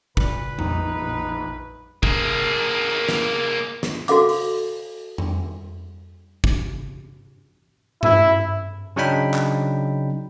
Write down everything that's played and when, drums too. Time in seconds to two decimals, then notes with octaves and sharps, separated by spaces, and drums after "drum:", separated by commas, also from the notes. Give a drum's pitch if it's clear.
0.17 A#2 B4, drum: kick
0.59 A#1 D#4, drum: tom F2
2.03 A#3 G#4, drum: kick
3.09 drum: snare
3.83 drum: snare
4.08 F#4 A4 F5 D6, drum: hi-hat
4.29 drum: open hi-hat
5.18 drum: tom F2
6.44 drum: kick
8.03 E4, drum: tom G2
8.96 C#3 F#3 D4 D#4 G5 B5
9.34 drum: clap